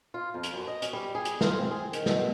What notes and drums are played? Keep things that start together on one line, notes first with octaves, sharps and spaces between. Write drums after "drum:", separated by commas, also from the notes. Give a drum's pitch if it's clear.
F4
F2
drum: hi-hat
F#2
D#5
C#4, drum: hi-hat
G3
G#4
drum: hi-hat
F4, drum: snare
C4
G#4
D#3, drum: hi-hat
B2, drum: snare